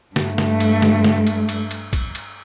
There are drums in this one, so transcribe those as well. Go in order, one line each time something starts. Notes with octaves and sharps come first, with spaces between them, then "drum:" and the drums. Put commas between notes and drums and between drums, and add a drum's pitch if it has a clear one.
G2 A3, drum: snare
drum: snare
drum: cymbal
drum: snare
drum: snare
drum: cymbal
drum: cymbal
drum: cymbal
drum: kick, cymbal
drum: cymbal